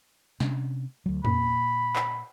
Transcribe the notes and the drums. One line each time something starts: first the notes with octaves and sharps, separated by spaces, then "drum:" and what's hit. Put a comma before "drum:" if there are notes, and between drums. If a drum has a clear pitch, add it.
C3 C#4 D4, drum: snare
D2 F#3
A#2 A#3 B5, drum: tom
drum: clap